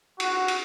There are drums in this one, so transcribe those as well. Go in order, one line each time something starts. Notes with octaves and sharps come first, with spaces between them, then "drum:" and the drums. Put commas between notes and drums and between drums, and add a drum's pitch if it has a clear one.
F#4, drum: cymbal
drum: cymbal